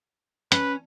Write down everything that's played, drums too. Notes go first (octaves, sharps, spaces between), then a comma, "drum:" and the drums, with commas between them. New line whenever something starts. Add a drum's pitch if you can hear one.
C#4 B4, drum: hi-hat